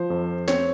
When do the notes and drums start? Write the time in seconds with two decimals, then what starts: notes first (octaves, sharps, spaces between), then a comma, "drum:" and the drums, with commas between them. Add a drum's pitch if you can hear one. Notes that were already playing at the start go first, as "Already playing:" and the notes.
Already playing: F3 C5
0.10 F2
0.48 C4 C#5, drum: snare